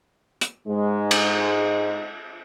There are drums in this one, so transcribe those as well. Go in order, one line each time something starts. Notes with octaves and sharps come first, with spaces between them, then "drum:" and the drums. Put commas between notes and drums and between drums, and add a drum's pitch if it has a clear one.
drum: hi-hat
G#2 G#3
drum: cymbal